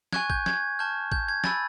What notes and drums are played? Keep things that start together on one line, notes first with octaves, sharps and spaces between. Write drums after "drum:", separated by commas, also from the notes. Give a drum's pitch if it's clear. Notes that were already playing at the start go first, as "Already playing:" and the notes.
G#5 C#6 F#6 G#6, drum: snare
G6, drum: kick
G#6, drum: snare
A5 C#6 F6 G6
G6, drum: kick
G#6
G#5 B5 E6 G6 A6, drum: snare